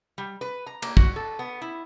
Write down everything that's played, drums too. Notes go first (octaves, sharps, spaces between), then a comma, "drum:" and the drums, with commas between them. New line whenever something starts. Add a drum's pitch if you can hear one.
G3
B4
A#5
A#3, drum: cymbal
F#4, drum: kick
A4
B3
E4